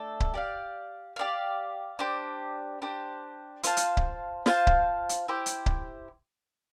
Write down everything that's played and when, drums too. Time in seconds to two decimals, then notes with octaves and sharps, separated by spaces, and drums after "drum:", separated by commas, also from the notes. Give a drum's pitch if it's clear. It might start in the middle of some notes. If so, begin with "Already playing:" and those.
Already playing: A3 D4 A4
0.20 drum: kick C#1
0.34 G4 D5 F5
1.16 G4 D5 F5
1.99 D4 G4 C5
2.82 D4 G4 C5
3.63 F4 C5 F5 A5, drum: hi-hat
3.77 drum: hi-hat
3.97 drum: kick C#1
4.46 F4 C5 F5 A5, drum: snare
4.67 drum: kick C#1
5.09 drum: hi-hat
5.28 E4 G4 C5
5.46 drum: hi-hat
5.66 drum: kick C#1